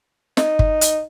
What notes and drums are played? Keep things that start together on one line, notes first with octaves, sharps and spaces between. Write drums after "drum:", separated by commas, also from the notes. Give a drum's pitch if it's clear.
D#4, drum: snare
drum: kick
drum: hi-hat